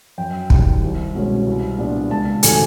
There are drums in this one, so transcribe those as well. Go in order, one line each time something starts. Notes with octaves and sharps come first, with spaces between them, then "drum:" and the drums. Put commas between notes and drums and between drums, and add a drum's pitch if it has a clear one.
F#2 G5
D#3 G3, drum: kick
C2
B2 G#3 C#4
C2
A#2 G3 B3 D4
C#2 A5
C3 D#3 F#3 A3 G#5, drum: hi-hat